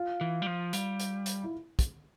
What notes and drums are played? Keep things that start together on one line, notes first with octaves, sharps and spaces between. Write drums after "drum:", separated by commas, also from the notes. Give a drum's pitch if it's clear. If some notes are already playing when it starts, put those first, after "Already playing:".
Already playing: F4
E3
G3
F3
G3, drum: hi-hat
drum: hi-hat
drum: hi-hat
E4
drum: kick, hi-hat